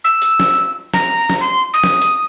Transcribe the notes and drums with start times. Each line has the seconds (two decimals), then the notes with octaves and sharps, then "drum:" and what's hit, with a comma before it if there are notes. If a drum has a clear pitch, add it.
0.04 E6
0.22 drum: hi-hat
0.40 drum: snare
0.94 A#5, drum: snare
1.30 drum: snare
1.41 C6
1.74 D#6
1.84 drum: snare
2.02 drum: hi-hat